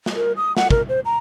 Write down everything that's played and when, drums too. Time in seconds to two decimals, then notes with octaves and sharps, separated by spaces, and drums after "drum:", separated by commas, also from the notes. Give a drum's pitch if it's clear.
0.06 drum: snare
0.16 A#4
0.37 D#6
0.57 F#5, drum: snare
0.70 A#4, drum: kick
0.89 C5
1.05 A#5